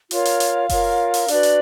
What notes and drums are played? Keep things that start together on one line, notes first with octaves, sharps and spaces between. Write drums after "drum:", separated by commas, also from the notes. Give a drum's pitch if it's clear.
F4 A#4 C#5 F5, drum: hi-hat
drum: hi-hat
drum: hi-hat
F4 A#4 C#5, drum: kick F#1, open hi-hat
drum: open hi-hat
D4 F#4 B4 D5, drum: hi-hat
drum: hi-hat